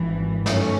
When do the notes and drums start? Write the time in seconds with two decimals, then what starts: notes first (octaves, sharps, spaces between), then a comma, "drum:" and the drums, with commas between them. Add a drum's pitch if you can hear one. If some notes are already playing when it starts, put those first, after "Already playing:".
Already playing: G#1 G2 E3
0.46 G2 D#3 F#3 A3 C#4, drum: snare